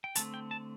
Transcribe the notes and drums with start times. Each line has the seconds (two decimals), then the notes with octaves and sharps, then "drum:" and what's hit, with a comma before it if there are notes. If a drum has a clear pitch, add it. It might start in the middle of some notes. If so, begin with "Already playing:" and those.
0.04 G5
0.15 D3 A3 C4 A5, drum: hi-hat
0.34 G5
0.51 A5